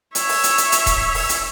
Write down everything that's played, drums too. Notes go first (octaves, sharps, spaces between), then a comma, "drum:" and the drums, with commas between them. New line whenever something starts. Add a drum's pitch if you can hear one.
C#5 E5, drum: hi-hat
drum: open hi-hat
drum: hi-hat
drum: hi-hat
drum: hi-hat
drum: kick D#1, hi-hat
drum: open hi-hat
drum: hi-hat